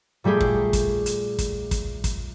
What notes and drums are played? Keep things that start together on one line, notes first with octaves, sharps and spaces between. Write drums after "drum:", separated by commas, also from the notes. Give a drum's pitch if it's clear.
A#2 G3 A3 G4 G#4
drum: kick
drum: kick, hi-hat
drum: hi-hat
drum: kick, hi-hat
drum: kick, hi-hat
drum: kick, hi-hat